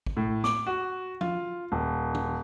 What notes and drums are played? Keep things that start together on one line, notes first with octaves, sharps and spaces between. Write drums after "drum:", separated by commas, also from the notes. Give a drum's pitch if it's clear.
drum: kick
A2
D6, drum: snare
F#4
F4, drum: tom F3
D#1
drum: tom